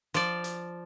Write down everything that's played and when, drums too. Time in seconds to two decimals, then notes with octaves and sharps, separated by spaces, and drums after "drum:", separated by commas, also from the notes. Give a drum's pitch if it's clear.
0.14 F3 D5, drum: hi-hat
0.44 drum: hi-hat